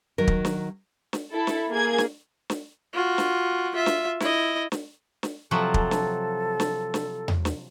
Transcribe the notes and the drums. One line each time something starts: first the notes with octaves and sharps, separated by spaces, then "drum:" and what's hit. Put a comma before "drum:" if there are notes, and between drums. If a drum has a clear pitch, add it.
D#3 F#3 A#4
drum: kick
drum: snare
drum: snare
E4 A4
drum: snare
A#3 G#4 G#6
drum: snare
drum: snare
F4 F#4
drum: snare
F4 E5
drum: snare
E4 D#5, drum: snare
drum: snare
drum: snare
C3 F3 F#3 A4
drum: kick
drum: snare
drum: snare
drum: snare
drum: tom E2
drum: snare